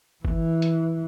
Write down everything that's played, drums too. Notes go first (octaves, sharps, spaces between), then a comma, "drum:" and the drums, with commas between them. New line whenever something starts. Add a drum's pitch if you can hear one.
E3, drum: kick G1
drum: hi-hat